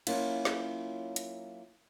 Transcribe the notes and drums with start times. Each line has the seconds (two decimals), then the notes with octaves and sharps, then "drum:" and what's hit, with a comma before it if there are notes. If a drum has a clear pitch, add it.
0.07 F#3 A#3 C#4 E4 F4, drum: cymbal
0.45 drum: snare
1.16 drum: hi-hat